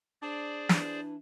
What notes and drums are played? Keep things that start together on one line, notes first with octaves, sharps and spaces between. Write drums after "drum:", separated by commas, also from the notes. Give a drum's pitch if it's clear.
D4 G#4 C5 D5
E3 D4, drum: snare